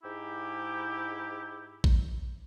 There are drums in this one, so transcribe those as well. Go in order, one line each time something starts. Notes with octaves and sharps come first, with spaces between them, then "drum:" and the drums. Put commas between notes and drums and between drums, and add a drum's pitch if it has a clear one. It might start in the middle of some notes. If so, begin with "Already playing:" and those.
G#2 E4 G4
drum: kick